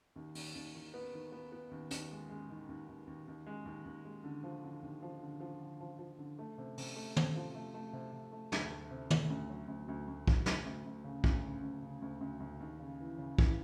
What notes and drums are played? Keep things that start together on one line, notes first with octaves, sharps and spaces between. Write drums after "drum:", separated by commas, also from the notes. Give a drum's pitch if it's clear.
D#2
D#2, drum: open hi-hat
D#2
D#3
B3
D#3
B3
B3
D#2
D#2, drum: hi-hat
G#3
G#3
D#3
D#2
D#2
D#2
D#2
G#3
D#2
D#2
G#3
D3
F3
D3
D#2
F3
D3
F3
D3
F3
F3
D3
A3
C3
C3, drum: open hi-hat
A3
C3, drum: tom
F3
A3
A3
C3
C3
A3
D2, drum: snare
A3
C3
A3, drum: tom
D2
F#3
D2
D2
D2
F#3, drum: kick
D2, drum: snare
D2
D2
C#3
D2, drum: kick
C#3
D2
C#3
D2
D2
D2
D#2
C#3
E3
C#3
E3, drum: kick